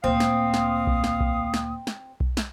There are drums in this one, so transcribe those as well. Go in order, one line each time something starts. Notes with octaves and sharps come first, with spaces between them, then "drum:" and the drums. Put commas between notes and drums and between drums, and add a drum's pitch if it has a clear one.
D2 A#2 C4 F5 D#6
drum: snare
drum: snare
drum: kick B1
drum: snare
drum: kick B1
drum: snare
drum: snare
drum: kick B1
drum: snare